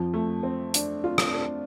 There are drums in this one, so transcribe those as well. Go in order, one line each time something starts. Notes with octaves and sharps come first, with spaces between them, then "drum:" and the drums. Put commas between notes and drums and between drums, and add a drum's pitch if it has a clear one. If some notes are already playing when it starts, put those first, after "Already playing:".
Already playing: F2 F3
A3
C4
D4, drum: hi-hat
F4
drum: rim click
D4